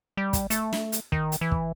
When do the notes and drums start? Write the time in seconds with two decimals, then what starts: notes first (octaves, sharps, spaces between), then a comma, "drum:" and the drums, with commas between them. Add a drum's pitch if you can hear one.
0.17 G3
0.33 drum: kick, hi-hat
0.50 A3, drum: hi-hat
0.73 drum: snare
0.92 drum: hi-hat
1.12 D#3, drum: kick
1.32 drum: hi-hat
1.41 E3
1.52 drum: kick